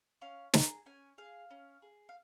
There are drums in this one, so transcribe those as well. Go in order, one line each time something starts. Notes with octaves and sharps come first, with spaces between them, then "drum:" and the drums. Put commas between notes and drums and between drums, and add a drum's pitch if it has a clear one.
C#4 F5
G#4 A#5, drum: snare
C#4 G#5
G#4 F5
C#4
G#4
F5